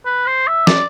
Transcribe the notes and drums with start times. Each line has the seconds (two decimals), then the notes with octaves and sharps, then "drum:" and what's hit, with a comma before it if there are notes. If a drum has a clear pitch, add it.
0.06 B4
0.27 C5
0.48 E5
0.67 D5, drum: snare